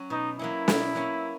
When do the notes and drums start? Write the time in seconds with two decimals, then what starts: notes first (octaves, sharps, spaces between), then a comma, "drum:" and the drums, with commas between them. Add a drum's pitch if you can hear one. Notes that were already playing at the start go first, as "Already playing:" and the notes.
Already playing: F#3 C#4
0.10 B2 D#4
0.39 F#3 A#3 C#4 E4
0.68 B2, drum: snare
0.95 F#3 A#3 C#4